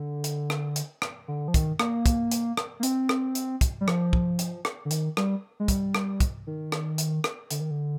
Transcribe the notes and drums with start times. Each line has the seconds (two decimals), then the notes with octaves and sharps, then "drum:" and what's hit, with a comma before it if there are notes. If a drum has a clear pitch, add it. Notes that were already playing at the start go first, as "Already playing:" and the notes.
Already playing: D3
0.24 drum: hi-hat
0.50 drum: rim click
0.76 drum: hi-hat
1.02 drum: rim click
1.28 D3
1.48 F3
1.54 D#3, drum: kick, hi-hat
1.79 A#3, drum: rim click
2.06 drum: kick, hi-hat
2.32 drum: hi-hat
2.57 drum: rim click
2.80 A#3
2.83 C4, drum: hi-hat
3.09 drum: rim click
3.35 drum: hi-hat
3.61 drum: kick, hi-hat
3.81 G3
3.88 F3, drum: rim click
4.13 drum: kick
4.39 drum: hi-hat
4.65 drum: rim click
4.85 D3
4.91 D#3, drum: hi-hat
5.17 G3, drum: rim click
5.60 G#3
5.68 G3, drum: kick, hi-hat
5.95 drum: rim click
6.20 drum: kick, hi-hat
6.47 D#3
6.72 drum: rim click
6.98 drum: hi-hat
7.24 drum: rim click
7.51 D3, drum: hi-hat
7.61 D#3
7.71 D3